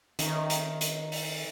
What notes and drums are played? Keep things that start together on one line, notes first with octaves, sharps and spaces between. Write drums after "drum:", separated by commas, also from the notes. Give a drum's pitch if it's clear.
D#3 C#4 D#4 E5, drum: hi-hat
drum: hi-hat
drum: hi-hat
drum: open hi-hat